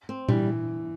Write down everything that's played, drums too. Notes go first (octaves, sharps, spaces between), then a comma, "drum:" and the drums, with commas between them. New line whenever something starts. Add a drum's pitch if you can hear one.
C4
E3 G3, drum: tom A#2